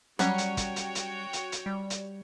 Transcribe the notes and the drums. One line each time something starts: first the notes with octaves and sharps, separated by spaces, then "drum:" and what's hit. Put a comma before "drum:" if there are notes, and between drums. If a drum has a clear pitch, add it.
F#3 G3 C#4 F#4 C#5 F#5 G5, drum: hi-hat
drum: hi-hat
drum: kick, hi-hat
drum: hi-hat
drum: hi-hat
drum: hi-hat
drum: hi-hat
G3
drum: hi-hat